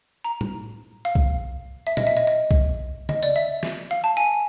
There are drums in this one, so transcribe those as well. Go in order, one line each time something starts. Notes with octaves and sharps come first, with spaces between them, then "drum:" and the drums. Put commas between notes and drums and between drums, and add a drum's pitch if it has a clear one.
A#5
drum: tom A2
F5
drum: kick C2
E5
D#5, drum: tom
E5
D#5
D#5
drum: kick C2
D#5, drum: tom C#3
D5, drum: tambourine
E5
drum: snare
F5
A5
G#5